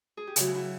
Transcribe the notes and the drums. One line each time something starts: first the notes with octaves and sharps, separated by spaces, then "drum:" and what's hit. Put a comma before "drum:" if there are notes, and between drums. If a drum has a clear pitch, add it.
G#4
G4
C#3 F#3 E4 F#4, drum: hi-hat
E4 F#4